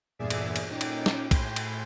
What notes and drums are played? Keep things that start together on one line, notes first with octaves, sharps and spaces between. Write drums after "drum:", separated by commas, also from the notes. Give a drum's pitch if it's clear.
E2 G2 A#2 G#4 D5 E5
drum: cymbal
drum: cymbal
A#2 C#4 D#4 G5 D6
drum: cymbal
drum: snare
A2 G5 G#5 B5 C6 G6, drum: kick, cymbal
drum: cymbal